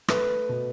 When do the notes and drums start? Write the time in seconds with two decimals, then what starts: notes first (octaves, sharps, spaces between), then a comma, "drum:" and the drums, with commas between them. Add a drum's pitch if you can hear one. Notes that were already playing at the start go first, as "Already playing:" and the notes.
0.08 A3 B4, drum: rim click
0.49 B2